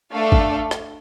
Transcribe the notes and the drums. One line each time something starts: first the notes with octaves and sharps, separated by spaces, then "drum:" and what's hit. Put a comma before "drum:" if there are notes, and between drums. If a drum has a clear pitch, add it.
A3 D4 A4 F5
drum: kick G#1
drum: rim click